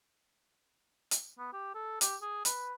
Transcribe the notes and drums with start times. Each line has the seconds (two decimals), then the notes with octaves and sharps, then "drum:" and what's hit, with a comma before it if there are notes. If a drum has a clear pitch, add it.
1.11 drum: hi-hat
1.38 B3
1.53 G4
1.74 A4
2.01 G4, drum: hi-hat
2.22 G#4
2.45 B4, drum: hi-hat